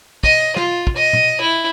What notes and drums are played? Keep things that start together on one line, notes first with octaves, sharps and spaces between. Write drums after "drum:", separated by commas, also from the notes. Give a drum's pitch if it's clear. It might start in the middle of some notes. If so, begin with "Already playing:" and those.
D#5, drum: kick
F4, drum: snare
drum: kick
D#5
drum: tom
E4